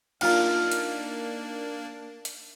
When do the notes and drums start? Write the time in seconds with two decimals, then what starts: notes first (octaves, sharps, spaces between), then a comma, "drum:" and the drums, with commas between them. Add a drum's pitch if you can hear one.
0.21 A#3 D4 D#4 F4 A#4 F5, drum: cymbal
0.72 drum: hi-hat
2.25 drum: hi-hat